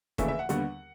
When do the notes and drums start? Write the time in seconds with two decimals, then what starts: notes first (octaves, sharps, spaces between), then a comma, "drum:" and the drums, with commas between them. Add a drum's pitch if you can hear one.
0.18 F1 D#2 C#3 E3 A3 E5, drum: kick E1, hi-hat
0.28 E5
0.39 F#5
0.49 D#2 D3 G3 B3 F#5, drum: hi-hat